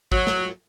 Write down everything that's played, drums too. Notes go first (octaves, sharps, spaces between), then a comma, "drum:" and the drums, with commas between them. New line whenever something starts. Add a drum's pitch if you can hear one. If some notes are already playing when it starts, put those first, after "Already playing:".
F#3, drum: kick G#1
drum: snare